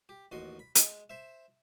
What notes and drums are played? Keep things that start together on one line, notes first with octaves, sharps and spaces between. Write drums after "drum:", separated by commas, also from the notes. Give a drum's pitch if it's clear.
G4
A1 D#2 F#4 D#5 C6
B5
G#3, drum: hi-hat
C5 E5